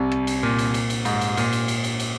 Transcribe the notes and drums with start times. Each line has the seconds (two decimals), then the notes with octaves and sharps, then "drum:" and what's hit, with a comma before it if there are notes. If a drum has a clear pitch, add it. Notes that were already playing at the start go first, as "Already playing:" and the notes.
Already playing: C2 C3
0.12 drum: rim click
0.27 drum: cymbal
0.43 A#2
0.59 drum: cymbal
0.74 drum: cymbal
0.90 drum: cymbal
1.05 G#2, drum: cymbal
1.21 drum: cymbal
1.37 A#2, drum: cymbal
1.53 drum: cymbal
1.68 drum: cymbal
1.84 drum: cymbal
2.00 drum: cymbal